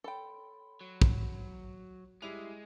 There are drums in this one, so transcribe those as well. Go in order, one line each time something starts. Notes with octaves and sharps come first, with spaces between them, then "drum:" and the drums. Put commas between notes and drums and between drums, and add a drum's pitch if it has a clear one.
A4 C#5 G5 B5 C6
F#3
drum: kick
G3 G#3 E4 D6 F7